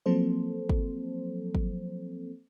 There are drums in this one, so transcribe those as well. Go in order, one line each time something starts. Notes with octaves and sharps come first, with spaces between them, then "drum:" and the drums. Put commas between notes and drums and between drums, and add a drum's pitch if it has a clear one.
F3 F#3 A#3 C4 A4 C5
drum: kick
drum: kick